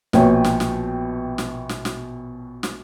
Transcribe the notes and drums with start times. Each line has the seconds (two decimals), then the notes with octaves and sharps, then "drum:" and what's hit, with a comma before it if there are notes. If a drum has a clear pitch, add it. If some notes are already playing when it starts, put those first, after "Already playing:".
0.13 A#1 B2 B4 C#5 G5, drum: snare
0.44 drum: snare
0.60 drum: snare
1.38 drum: snare
1.69 drum: snare
1.85 drum: snare
2.63 drum: snare